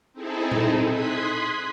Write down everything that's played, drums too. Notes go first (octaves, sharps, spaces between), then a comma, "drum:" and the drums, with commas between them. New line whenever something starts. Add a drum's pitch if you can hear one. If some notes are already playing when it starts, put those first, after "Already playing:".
C4 D#4 E4 G#4 A4
drum: tom A#2
C6 D#6 F#6 G#6 B6